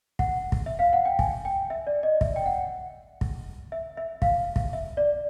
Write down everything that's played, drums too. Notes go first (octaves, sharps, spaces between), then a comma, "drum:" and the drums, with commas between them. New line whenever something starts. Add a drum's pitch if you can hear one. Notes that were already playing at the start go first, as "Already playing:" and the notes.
F#5, drum: kick
drum: kick
E5
F5
F#5
G5
G#5, drum: kick
G5
E5
D5
D#5
E5, drum: kick
G5
F#5
drum: kick
E5
E5
F5, drum: kick
drum: kick
E5
D5